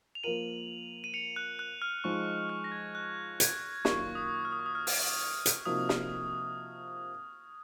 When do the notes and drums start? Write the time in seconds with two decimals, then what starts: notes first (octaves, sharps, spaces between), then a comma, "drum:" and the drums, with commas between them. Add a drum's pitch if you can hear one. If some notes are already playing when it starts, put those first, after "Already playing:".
0.15 F7
0.23 F3 A#3 F4 A#4 D#7 F#7
1.04 D#7
1.14 C#7 F7
1.36 F#6
1.59 F#6
1.82 F6
2.04 F3 G#3 D#4 C#6
2.49 F6
2.64 A#6
2.72 G#6
2.95 F#6
3.40 G#6, drum: hi-hat
3.85 F#2 D#3 A#3 F4 A#4 C#6, drum: snare
4.15 D#6
4.45 F6
4.52 D#6
4.59 C#6
4.66 D#6
4.75 F6
4.87 drum: open hi-hat
5.46 drum: hi-hat
5.66 C3 F3 A#3 D#4 F#4 D#6
5.89 drum: snare